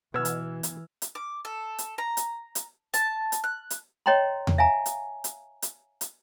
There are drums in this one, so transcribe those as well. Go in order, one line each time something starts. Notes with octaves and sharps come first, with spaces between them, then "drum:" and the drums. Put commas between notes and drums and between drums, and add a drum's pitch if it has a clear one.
B2 E3 B3 E6 F6 G#6
drum: hi-hat
drum: hi-hat
drum: hi-hat
D6
A4
drum: hi-hat
A#5
drum: hi-hat
drum: hi-hat
A5, drum: hi-hat
drum: hi-hat
F#6
drum: hi-hat
C#5 D#5 G5 A#5 C6
drum: tom E2
E5 F5 G#5 A#5
drum: hi-hat
drum: hi-hat
drum: hi-hat
drum: hi-hat